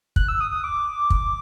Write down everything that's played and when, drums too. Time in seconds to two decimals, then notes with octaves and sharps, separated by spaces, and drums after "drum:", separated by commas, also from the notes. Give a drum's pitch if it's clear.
0.16 F#6, drum: kick
0.28 E6
0.41 D#6
0.51 D#6
0.64 D6
1.10 drum: kick